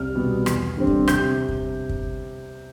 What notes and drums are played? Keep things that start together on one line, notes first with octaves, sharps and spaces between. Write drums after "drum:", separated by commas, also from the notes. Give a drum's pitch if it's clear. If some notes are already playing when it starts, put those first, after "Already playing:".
Already playing: C2 F6
B2 G3 B3
E2, drum: rim click
D3 G3 C4
drum: kick
C3 G6, drum: rim click
drum: kick
drum: kick